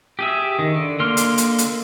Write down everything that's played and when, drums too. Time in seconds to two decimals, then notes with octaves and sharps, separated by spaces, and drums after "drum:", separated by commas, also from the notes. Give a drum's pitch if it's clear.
0.19 G4 G#4 E5
0.59 D#3
0.75 D3
0.99 D3 A#3 C6 F6
1.17 drum: hi-hat
1.38 drum: hi-hat
1.58 drum: hi-hat